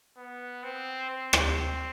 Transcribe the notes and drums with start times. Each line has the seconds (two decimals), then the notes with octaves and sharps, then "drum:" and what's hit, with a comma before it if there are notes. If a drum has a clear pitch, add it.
0.17 B3
0.64 C4
1.09 C4
1.33 drum: rim click